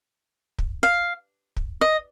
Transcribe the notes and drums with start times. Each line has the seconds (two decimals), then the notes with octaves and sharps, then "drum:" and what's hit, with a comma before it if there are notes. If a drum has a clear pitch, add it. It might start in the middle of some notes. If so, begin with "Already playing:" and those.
0.59 drum: kick
0.83 F5
1.57 drum: kick
1.81 D#5